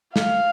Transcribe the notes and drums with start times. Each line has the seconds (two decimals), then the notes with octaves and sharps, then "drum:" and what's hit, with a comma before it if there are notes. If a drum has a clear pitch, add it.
0.16 F5, drum: snare